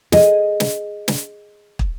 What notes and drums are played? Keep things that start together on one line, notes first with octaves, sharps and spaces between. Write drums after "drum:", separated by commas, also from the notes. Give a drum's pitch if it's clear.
G#4 D#5, drum: snare
drum: snare
drum: snare
drum: kick